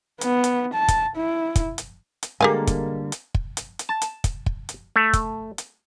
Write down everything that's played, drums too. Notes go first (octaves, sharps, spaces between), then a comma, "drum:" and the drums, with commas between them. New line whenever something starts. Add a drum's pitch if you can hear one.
B3, drum: hi-hat
drum: hi-hat
A5
drum: kick, hi-hat
E4
drum: kick, hi-hat
drum: hi-hat
drum: hi-hat
D3 G3 G#3 A#3 G4 A4 F5 G#5
drum: kick, hi-hat
drum: hi-hat
drum: kick
drum: hi-hat
drum: hi-hat
A5
drum: hi-hat
drum: kick, hi-hat
drum: kick
drum: hi-hat
A3
drum: kick, hi-hat
drum: hi-hat